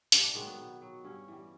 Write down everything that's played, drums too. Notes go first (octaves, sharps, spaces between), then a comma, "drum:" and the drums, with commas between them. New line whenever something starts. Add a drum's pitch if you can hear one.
C3 D4, drum: hi-hat
D4
D#3 F#3 G#3
B3
B2
F#3
G2 C#4
E3 G3